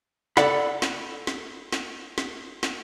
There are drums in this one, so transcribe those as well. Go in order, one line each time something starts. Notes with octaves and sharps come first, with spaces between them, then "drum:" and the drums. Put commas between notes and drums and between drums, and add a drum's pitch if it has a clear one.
A4 D5 F#5 B5, drum: snare
drum: snare
drum: snare
drum: snare
drum: snare
drum: snare